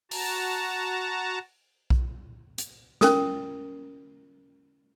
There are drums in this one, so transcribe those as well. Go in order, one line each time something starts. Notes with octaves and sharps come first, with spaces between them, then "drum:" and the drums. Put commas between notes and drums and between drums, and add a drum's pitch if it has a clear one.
F#4 A5 A#5, drum: open hi-hat
drum: kick B1
drum: hi-hat
C#4 A#4 D#6, drum: snare